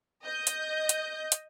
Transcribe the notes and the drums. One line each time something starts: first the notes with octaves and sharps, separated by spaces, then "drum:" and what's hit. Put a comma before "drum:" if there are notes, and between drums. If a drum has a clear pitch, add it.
D#5 G6
drum: hi-hat
drum: hi-hat
drum: hi-hat